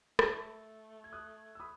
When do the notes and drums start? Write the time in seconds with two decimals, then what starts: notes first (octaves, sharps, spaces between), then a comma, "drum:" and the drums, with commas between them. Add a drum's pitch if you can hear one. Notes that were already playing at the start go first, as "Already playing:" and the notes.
0.19 A3 A5 C#6, drum: rim click
1.04 G#6
1.13 D#6 F#6
1.55 E6
1.60 B5 D#6